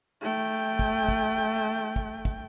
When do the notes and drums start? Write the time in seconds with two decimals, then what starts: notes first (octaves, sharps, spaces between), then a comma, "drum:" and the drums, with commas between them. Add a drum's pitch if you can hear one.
0.21 A3 G5
0.79 drum: kick
1.08 drum: kick
1.96 drum: kick
2.25 drum: kick